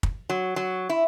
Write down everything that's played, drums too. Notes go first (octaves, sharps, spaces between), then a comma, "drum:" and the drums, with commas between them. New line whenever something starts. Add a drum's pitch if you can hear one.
drum: kick
F#3
F#3
E4